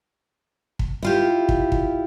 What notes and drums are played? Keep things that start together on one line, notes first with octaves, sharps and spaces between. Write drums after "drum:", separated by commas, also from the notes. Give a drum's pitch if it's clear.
drum: kick
E4 F4 G4
drum: kick
drum: kick